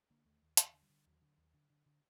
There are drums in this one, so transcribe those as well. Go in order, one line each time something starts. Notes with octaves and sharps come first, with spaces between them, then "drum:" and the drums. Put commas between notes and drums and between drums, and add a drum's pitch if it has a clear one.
D3 A#3
D#2 A3
D#2
D#2 D#3, drum: hi-hat
D3
G3
D3
D#2 F#3
D3
D#2
D3
D3
D3